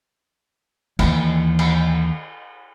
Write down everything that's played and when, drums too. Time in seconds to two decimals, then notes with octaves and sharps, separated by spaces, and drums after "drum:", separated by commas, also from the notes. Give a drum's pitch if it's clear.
0.99 D#2 E3, drum: cymbal
1.59 drum: cymbal